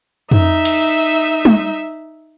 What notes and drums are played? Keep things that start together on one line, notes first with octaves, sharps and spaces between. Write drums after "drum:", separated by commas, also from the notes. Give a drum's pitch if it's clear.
D#4 E5, drum: tom
drum: cymbal
drum: tom